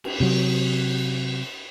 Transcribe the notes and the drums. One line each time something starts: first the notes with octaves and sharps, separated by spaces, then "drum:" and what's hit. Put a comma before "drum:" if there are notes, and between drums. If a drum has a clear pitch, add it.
drum: cymbal
C3 F#3